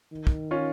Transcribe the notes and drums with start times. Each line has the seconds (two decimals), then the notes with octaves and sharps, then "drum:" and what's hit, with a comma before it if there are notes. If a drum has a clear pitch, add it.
0.12 D#3
0.27 drum: kick
0.51 C#4 F4